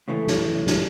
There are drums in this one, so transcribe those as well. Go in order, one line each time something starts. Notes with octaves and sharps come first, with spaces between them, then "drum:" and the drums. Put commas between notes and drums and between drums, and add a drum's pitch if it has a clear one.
A2 C#3 E3 A3
drum: snare
drum: snare